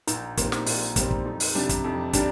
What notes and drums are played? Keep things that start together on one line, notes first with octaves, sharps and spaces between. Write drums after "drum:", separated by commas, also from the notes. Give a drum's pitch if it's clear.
A#1 D#4, drum: hi-hat
A#2 G3 C4, drum: kick, hi-hat
drum: snare
A#1, drum: open hi-hat
A#2 G3 C4, drum: kick, hi-hat
drum: kick
F2 D#4
drum: open hi-hat
C3 G3 D4
drum: kick, hi-hat
F2
G3 D4, drum: kick, hi-hat